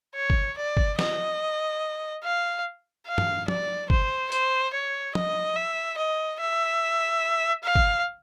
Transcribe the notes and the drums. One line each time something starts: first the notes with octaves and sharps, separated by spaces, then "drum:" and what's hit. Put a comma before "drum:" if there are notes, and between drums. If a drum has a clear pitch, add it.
C#5
drum: kick G1
D5
drum: kick G1
D#5, drum: snare
F5
F5
drum: tom
D5, drum: tom
C5, drum: kick G1
C5, drum: hi-hat
C#5
D#5, drum: tom
E5
D#5
E5
F5
drum: kick G1